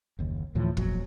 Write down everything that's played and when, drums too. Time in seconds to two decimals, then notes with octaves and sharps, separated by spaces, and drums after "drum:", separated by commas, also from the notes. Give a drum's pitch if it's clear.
0.19 F#1 D#2
0.55 D2 A2 E3 F3
0.77 E1 F2 A#2 F#3, drum: kick